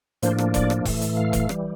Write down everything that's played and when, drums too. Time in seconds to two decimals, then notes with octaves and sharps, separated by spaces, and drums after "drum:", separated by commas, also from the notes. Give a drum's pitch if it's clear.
0.22 A2 F3 A#3 D4 C5, drum: hi-hat
0.38 drum: rim click
0.54 D5, drum: kick E1, hi-hat
0.70 drum: rim click
0.85 A2 E3 A3, drum: kick E1, open hi-hat
1.01 drum: hi-hat
1.17 F5
1.33 drum: kick E1, hi-hat
1.49 E3 G3, drum: rim click